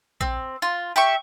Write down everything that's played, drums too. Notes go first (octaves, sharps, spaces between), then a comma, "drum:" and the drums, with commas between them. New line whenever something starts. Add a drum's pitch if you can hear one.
C4, drum: kick A#1
F4
G4 E5 C#6